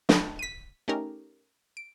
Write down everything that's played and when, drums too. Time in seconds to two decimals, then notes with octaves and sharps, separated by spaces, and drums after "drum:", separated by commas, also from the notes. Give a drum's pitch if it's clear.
0.09 D5 D#5 G5 A5 B5, drum: snare
0.39 B6 D#7
0.88 A3 C#4 D#4 G4 A#4
1.77 D7